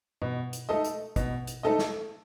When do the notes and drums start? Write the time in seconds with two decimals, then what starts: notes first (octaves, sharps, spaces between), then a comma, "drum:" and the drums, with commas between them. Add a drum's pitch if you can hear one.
0.22 B2, drum: tom G2
0.53 drum: hi-hat
0.69 A3 D#4 A4 D#5
0.84 drum: hi-hat
1.16 B2, drum: kick, hi-hat
1.47 drum: hi-hat
1.63 A3 D#4 A4 D#5
1.79 drum: snare